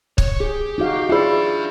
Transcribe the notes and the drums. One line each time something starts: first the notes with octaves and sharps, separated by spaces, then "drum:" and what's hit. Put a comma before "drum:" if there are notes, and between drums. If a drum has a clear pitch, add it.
C#5, drum: kick
G4 G#4
D#4 F#4 F5
D4 F4 G#4 D5 E5 B5